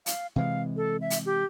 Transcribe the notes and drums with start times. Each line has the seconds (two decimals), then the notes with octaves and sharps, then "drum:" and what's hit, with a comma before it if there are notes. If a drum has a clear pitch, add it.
0.06 F5, drum: hi-hat
0.36 C3 E3 G#3 F5
0.77 A4
1.01 E5
1.10 drum: hi-hat
1.26 G4